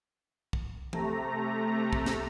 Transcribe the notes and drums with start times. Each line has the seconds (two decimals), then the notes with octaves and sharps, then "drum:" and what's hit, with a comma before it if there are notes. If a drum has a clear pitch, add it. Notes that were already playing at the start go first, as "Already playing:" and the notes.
0.53 drum: kick
0.93 C3 A3 A#5, drum: tom E3
1.93 drum: kick
2.06 drum: snare